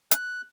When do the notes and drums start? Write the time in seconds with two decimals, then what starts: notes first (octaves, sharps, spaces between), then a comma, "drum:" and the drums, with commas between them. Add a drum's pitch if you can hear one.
0.11 F#6, drum: hi-hat